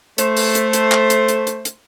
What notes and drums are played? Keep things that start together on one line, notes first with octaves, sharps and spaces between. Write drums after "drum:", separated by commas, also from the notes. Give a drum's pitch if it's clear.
A3 C5, drum: hi-hat
drum: open hi-hat
drum: hi-hat
drum: hi-hat
drum: clap
drum: hi-hat
drum: hi-hat
drum: hi-hat
drum: hi-hat